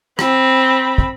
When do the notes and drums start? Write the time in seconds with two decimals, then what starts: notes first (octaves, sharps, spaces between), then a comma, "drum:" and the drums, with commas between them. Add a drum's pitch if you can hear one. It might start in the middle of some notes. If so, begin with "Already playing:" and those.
0.19 C4 B5, drum: rim click
0.98 drum: kick